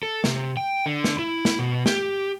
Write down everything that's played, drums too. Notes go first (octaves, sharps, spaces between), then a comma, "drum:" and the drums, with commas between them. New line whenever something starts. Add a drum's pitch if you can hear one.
A4
C3, drum: snare
G5
D3
drum: snare
E4
drum: snare
B2
G4, drum: snare